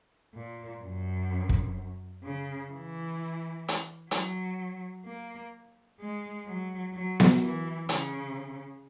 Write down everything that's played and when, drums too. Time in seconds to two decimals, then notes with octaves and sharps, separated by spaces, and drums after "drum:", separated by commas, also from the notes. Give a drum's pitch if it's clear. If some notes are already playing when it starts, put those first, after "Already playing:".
0.35 A#2
0.82 F#2
1.49 drum: kick
2.23 C#3
2.71 E3
3.68 drum: hi-hat
4.11 F#3, drum: hi-hat
5.05 A#3
6.00 G#3
6.47 F#3
6.94 F#3
7.20 drum: snare B3
7.42 E3
7.89 C#3, drum: hi-hat